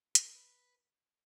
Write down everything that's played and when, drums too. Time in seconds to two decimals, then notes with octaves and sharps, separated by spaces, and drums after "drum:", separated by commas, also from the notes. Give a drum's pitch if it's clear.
0.15 A4, drum: hi-hat
0.22 A#4
0.35 B4